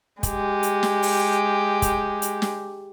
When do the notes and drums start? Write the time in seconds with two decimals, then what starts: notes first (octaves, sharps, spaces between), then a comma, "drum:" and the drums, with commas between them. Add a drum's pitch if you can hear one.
0.23 G#3 G4, drum: kick, hi-hat
0.63 drum: hi-hat
0.83 drum: snare
1.03 drum: open hi-hat
1.82 drum: kick, hi-hat
2.22 drum: hi-hat
2.42 drum: snare